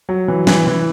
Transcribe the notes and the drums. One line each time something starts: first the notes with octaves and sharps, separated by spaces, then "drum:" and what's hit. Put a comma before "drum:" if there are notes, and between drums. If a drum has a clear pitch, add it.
F#3
E3
E3, drum: snare
E3